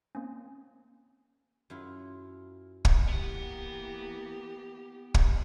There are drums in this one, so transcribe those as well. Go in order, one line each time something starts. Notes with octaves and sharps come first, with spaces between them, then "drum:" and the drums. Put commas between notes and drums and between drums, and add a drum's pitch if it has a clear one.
A#3 C4 C#4
F#2 E4 F4
drum: kick
E3 A#3 B3 G4 F#5
drum: kick